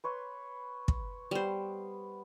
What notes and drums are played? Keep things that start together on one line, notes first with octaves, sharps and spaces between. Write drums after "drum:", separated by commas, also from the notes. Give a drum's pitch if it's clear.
B4 C#5 C6
drum: kick
G3 B3 C5